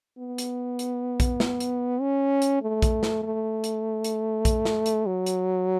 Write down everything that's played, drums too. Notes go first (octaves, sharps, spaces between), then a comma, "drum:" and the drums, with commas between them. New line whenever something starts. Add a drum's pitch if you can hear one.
B3
drum: hi-hat
drum: hi-hat
drum: kick, hi-hat
drum: snare
drum: hi-hat
C#4
drum: hi-hat
A3
drum: kick, hi-hat
drum: snare
A3
drum: hi-hat
drum: hi-hat
drum: kick, hi-hat
drum: snare
drum: hi-hat
F#3
drum: hi-hat